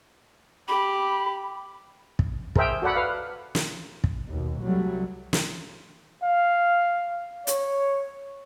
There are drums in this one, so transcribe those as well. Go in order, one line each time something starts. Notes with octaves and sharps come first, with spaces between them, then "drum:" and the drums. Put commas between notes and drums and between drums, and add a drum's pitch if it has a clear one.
G4 B5
drum: kick
G#4 A#4 C5 E5 G5, drum: kick
F#4 A4 D5 F#5 B5
B4 F5
drum: snare
drum: kick
D#2 B2
C2 F#3 G3 A3
drum: snare
F5
C#5, drum: hi-hat